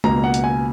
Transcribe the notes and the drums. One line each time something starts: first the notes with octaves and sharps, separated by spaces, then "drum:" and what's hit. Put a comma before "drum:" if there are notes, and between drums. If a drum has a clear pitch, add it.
C#2 B2 A#3 A#5, drum: tom
F#5
drum: hi-hat
G#5